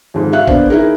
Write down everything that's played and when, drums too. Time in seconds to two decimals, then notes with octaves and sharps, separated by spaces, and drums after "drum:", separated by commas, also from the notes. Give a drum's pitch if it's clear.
0.14 F2 G#2
0.32 F#4 E5 F5 F#6
0.47 A#3 B3 D4 C5, drum: kick
0.70 D#4 E4 G#4 A#4